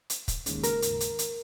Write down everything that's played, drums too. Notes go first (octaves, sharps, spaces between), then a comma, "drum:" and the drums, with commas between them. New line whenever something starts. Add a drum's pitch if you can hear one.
drum: hi-hat
drum: kick, hi-hat
D#2 G#2 C#3, drum: hi-hat
A#4, drum: hi-hat
drum: hi-hat
drum: hi-hat
drum: hi-hat